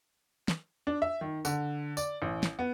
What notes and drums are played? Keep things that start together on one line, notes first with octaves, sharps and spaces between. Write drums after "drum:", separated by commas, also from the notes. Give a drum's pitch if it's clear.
drum: snare
D4
E5
D#3
D3, drum: tambourine
D5, drum: tambourine
A1
drum: snare
B3